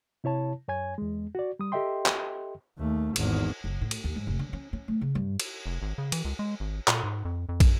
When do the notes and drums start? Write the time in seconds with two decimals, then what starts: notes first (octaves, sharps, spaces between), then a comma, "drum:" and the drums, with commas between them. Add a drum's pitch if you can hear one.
0.24 C3 E4 C#5 A5
0.68 F#2 C#5 G#5 G#6
0.98 E2 G#3
1.35 F#4 D5
1.59 G3 D#6
1.72 G4 A4 D#5 E5 G5 C6
2.06 drum: clap
2.78 D#2 A3
3.16 G#1 E2, drum: cymbal
3.64 F#1
3.81 A2
3.91 drum: cymbal
4.04 D#2
4.16 G#2
4.27 F1
4.39 D3
4.53 C#4
4.73 C#4
4.88 A3
5.01 C#3
5.15 G2
5.40 drum: cymbal
5.66 F1
5.82 G#1
5.98 C#3
6.12 E3, drum: cymbal
6.25 C#2
6.39 G#3
6.60 G#1
6.88 A#2, drum: clap
7.04 G#2
7.25 F2
7.49 F2
7.60 F#2, drum: kick, cymbal